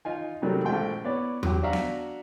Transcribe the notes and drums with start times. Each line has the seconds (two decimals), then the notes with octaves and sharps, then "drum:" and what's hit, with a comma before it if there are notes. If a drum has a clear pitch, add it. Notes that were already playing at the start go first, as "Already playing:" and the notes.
0.05 D#4 F4 G#5
0.42 C3 D#3 F#3 G3 A3 C4
0.65 A#1 F3 G#3 A3 G5 C6
1.04 B3 E4 C#5 D5
1.43 F#3 G4, drum: tom E2
1.63 D4 F#4 E5 F5 A#5
1.73 drum: snare B3